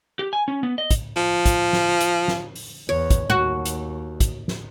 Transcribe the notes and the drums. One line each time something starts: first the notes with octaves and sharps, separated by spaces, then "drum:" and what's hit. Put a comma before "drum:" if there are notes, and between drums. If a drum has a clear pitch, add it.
G4
G#5
C#4
B3
D#5
drum: kick, hi-hat
F3
drum: kick, hi-hat
drum: snare
drum: hi-hat
drum: snare
drum: open hi-hat
E2 C#5
drum: kick, hi-hat
D#2 F#4
drum: hi-hat
drum: kick, hi-hat
drum: snare